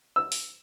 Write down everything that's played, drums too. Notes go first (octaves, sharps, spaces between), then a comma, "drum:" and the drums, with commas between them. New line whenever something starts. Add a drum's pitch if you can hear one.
E6
drum: open hi-hat